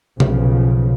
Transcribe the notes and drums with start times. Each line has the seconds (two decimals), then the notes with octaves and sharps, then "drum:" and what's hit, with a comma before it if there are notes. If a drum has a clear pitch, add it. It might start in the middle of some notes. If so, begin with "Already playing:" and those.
0.20 B1 C#3 F3, drum: tom